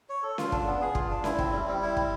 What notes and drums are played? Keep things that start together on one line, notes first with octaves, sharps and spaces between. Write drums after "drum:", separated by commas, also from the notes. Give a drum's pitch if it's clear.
C#5
A4
F4, drum: snare C#4
D4, drum: kick
B3
G#4
F4, drum: kick
D4
E4, drum: snare C#4
C4, drum: kick
G3
G3
E4
C4, drum: kick